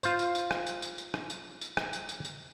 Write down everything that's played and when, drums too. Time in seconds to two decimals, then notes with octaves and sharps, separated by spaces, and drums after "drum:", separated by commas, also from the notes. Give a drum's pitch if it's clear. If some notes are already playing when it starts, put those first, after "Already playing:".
0.03 F4 C5, drum: tambourine
0.19 drum: tambourine
0.35 drum: tambourine
0.51 drum: rim click
0.67 drum: tambourine
0.82 drum: tambourine
0.98 drum: tambourine
1.14 drum: rim click
1.30 drum: tambourine
1.61 drum: tambourine
1.77 drum: rim click
1.93 drum: tambourine
2.09 drum: tambourine
2.25 drum: tambourine